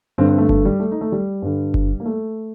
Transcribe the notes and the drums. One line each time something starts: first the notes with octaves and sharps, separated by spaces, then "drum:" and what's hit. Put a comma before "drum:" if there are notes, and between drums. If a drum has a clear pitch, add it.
G2 D3 C4
C4
A3
A3, drum: kick F#1
G3
A3
D#4
A3
G3
G2 D3
drum: kick F#1
A#3
A3